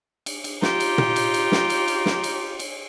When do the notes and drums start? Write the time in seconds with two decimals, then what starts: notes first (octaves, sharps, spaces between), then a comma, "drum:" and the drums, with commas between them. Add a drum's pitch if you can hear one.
0.26 drum: cymbal
0.44 drum: cymbal
0.62 D#4 F4 G4, drum: snare
0.80 drum: cymbal
0.98 drum: tom A#2
1.16 drum: cymbal
1.34 drum: cymbal
1.52 drum: snare
1.70 drum: cymbal
1.88 drum: cymbal
2.06 drum: snare
2.24 drum: cymbal
2.59 drum: cymbal